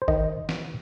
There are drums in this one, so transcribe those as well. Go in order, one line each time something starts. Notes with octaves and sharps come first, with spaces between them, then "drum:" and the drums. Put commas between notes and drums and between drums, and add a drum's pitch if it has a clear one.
C5
D#3 D#5, drum: kick
drum: snare